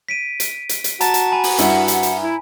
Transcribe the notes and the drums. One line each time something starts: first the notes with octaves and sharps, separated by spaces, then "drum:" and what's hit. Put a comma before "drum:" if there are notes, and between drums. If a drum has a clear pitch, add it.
B6 D7 D#7
drum: hi-hat
drum: hi-hat
drum: hi-hat
F#4 A5 A#5, drum: hi-hat
drum: hi-hat
G#5 B5
drum: open hi-hat
G2 E4 F#5, drum: hi-hat
drum: hi-hat
drum: hi-hat
E4